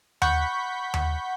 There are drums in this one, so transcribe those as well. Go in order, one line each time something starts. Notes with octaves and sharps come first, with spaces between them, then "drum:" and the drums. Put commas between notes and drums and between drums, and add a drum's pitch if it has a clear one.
F#5 B5 C#6 G6 B6, drum: tom D#2
drum: tom D#2